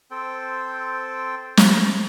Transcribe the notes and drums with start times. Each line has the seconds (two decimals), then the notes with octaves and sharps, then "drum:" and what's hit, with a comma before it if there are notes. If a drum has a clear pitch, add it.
0.11 C4 A4 C5 G5
1.57 drum: snare